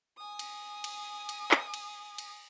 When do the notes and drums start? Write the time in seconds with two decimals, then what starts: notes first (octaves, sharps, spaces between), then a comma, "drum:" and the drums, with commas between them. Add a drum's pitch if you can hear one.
0.17 G#5 D#6
0.39 drum: cymbal
0.84 drum: cymbal
1.29 drum: cymbal
1.51 drum: clap
1.74 drum: cymbal
2.18 drum: cymbal